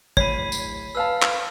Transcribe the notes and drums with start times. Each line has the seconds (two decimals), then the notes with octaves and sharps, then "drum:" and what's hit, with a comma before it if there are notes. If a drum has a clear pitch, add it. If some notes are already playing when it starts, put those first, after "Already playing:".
0.17 D1 C#5 B5 B6 C7 D#7, drum: kick
0.52 drum: tambourine
0.95 B4 F5 A5 E6 F6
1.22 drum: clap